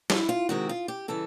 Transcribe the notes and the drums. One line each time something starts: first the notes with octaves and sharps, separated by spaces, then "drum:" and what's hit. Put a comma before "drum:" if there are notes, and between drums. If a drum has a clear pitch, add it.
E4, drum: snare
F4
C3 D#3 G#3 C4 F#4
F4
G4
C#3 E3 G3 A4